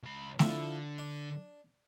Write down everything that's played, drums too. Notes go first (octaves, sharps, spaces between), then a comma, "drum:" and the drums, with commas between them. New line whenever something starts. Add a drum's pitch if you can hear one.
C#2 B5
D3 F3 E4 A4, drum: snare A3
D4